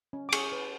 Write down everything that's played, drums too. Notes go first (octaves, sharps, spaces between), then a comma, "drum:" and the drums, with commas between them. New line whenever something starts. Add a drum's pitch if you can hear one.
C#4
D6
G#4 C#6, drum: cymbal
B4